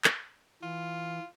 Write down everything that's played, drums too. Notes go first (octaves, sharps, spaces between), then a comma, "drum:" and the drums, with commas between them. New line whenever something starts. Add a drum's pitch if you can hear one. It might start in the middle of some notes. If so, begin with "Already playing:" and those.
drum: clap
E3 F4